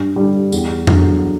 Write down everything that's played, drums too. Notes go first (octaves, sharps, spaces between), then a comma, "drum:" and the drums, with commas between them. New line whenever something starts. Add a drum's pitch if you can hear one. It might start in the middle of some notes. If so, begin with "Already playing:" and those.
Already playing: G2
D3 G3
E2, drum: tambourine
D3 F#3, drum: tom F2